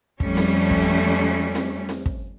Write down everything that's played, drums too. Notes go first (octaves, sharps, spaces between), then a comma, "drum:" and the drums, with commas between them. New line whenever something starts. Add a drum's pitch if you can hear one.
F2 G3 A3 C#4, drum: kick
drum: snare C4
drum: kick
drum: snare C4
drum: snare C4
drum: kick